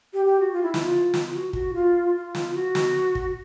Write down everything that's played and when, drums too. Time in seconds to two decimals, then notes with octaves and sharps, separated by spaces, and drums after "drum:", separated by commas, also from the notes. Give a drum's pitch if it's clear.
0.13 G4
0.26 G4
0.40 F#4
0.53 F4
0.63 E4
0.74 E4, drum: snare
0.83 F4
1.14 drum: snare
1.34 F#4
1.53 F#4, drum: kick
1.74 F4
2.15 F4
2.35 drum: snare
2.54 F#4
2.75 drum: snare
3.15 drum: kick